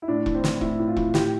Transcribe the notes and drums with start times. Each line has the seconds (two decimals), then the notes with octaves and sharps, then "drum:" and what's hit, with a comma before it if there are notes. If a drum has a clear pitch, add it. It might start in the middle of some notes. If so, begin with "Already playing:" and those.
0.02 E4
0.08 A2 D4
0.26 E3, drum: kick E1
0.35 C4
0.44 E3, drum: snare
0.61 A2 E4, drum: kick E1
0.79 A2
0.88 F4
0.97 E3, drum: kick E1
1.14 A2 G4, drum: snare